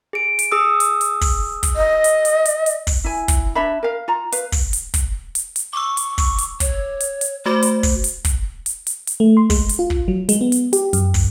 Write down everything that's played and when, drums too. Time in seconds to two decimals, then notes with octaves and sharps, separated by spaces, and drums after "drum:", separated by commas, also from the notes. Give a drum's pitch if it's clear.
0.13 G#4 D7
0.39 drum: hi-hat
0.51 G#4 D#6 E6
0.80 drum: hi-hat
1.01 drum: hi-hat
1.21 drum: kick, open hi-hat
1.63 drum: kick, hi-hat
1.76 D#5
2.04 drum: hi-hat
2.25 drum: hi-hat
2.45 drum: hi-hat
2.66 drum: hi-hat
2.87 drum: kick, open hi-hat
3.04 E4 G#5
3.28 drum: kick, hi-hat
3.55 D4 C#5 E5 B5
3.83 A#4 F5
4.08 F4 A#5
4.32 B4 F5, drum: hi-hat
4.52 drum: kick, open hi-hat
4.73 drum: hi-hat
4.94 drum: kick, hi-hat
5.35 drum: hi-hat
5.56 drum: hi-hat
5.73 C#6 D6 E6
5.97 drum: hi-hat
6.18 drum: kick, open hi-hat
6.38 drum: hi-hat
6.60 C#5, drum: kick, hi-hat
7.00 drum: hi-hat
7.21 drum: hi-hat
7.46 A3 F#4 C5 D6
7.62 drum: hi-hat
7.83 drum: kick, open hi-hat
8.04 drum: hi-hat
8.25 drum: kick, hi-hat
8.66 drum: hi-hat
8.87 drum: hi-hat
9.07 drum: hi-hat
9.20 A3
9.37 C6
9.50 G#3, drum: kick, open hi-hat
9.69 drum: hi-hat
9.79 F4
9.90 drum: kick
10.08 F#3
10.29 G#3, drum: hi-hat
10.41 B3
10.52 drum: hi-hat
10.73 G4, drum: hi-hat
10.93 F#2, drum: hi-hat
11.14 drum: kick, open hi-hat